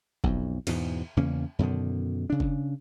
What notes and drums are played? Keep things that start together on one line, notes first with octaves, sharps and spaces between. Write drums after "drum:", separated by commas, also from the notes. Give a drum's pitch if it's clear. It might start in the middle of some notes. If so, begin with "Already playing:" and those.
B1 F2, drum: kick
E2 G#2 B2, drum: cymbal
E2 C#3 A#3 C#4
F#2 B2 D3 D#3
C#3 D4
drum: kick